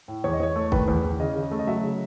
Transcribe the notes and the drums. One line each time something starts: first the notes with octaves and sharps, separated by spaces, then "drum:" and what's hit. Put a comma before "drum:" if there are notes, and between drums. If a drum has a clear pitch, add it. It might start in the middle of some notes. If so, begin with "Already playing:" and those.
A2
E2 C#5
D#5
E2 C#5
A3
D#3 B4, drum: kick
E2
E2
C#3 D#5
C#3
A3
D#5
F#3 E5
C#3